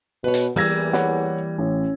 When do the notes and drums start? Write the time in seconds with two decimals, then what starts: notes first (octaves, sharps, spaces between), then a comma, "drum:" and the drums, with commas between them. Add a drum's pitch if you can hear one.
0.24 B2 B4 C#5
0.34 drum: hi-hat
0.56 E2 E3 G3 A#3 E6 G#6 A#6
0.93 C#5 F#5 B5, drum: snare
1.58 A1 C#4